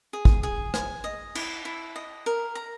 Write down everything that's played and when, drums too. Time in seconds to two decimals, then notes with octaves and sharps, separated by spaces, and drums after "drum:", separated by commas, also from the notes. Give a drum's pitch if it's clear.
0.13 G#4
0.25 drum: kick
0.43 G#4
0.74 G#5, drum: rim click
1.04 D#5
1.35 E4, drum: cymbal
1.65 E4
1.96 D#5
2.26 A#4
2.55 A#5